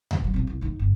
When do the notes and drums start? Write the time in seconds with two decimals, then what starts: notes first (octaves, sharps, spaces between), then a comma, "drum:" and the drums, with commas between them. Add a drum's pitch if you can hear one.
0.11 drum: tom D2
0.22 F3 F#3
0.34 B1 C3
0.47 C2
0.61 D#2 D#4
0.79 G1